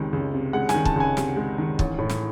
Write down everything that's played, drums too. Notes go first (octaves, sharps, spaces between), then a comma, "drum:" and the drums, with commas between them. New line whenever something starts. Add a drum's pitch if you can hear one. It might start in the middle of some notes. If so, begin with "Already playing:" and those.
Already playing: C#2 C3 D#3 G#3
C#2
C3
G#3 F#5
G#5, drum: snare
D#3
A5, drum: kick
C#2 G#5
C3, drum: snare
G#3
D#3
A1, drum: kick
A2
drum: snare